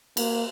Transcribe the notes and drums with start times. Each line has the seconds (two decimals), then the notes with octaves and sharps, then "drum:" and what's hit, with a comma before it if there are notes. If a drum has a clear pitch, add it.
0.17 A#3, drum: cymbal